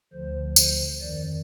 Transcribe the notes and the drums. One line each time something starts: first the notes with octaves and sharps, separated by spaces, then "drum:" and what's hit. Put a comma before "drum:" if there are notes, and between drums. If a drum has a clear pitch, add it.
D2 D3 F3 C5
C5, drum: tambourine
F2 D#3 D5